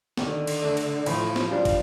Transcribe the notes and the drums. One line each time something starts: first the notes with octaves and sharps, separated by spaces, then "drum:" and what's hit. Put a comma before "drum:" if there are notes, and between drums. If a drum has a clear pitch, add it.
D3 D#3, drum: snare
drum: cymbal
A3 D4
drum: cymbal
A2 F3, drum: cymbal
drum: snare
G3 D4 F4
drum: kick, cymbal